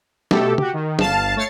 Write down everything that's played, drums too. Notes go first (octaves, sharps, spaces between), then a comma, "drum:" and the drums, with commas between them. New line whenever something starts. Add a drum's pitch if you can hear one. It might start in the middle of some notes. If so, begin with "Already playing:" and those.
B2 A3 G4 A4, drum: snare
F#4 G4, drum: tom
D#3
G1 F5 A5, drum: snare
A3 C#5 A6 C7 C#7